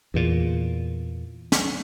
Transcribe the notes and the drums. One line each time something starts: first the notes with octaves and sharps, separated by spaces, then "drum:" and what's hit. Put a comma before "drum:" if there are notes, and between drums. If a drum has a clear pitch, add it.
E2 A#2
drum: snare